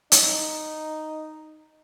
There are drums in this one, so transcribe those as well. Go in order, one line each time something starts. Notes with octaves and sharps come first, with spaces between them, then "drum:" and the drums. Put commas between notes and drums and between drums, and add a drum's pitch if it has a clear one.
D#4, drum: hi-hat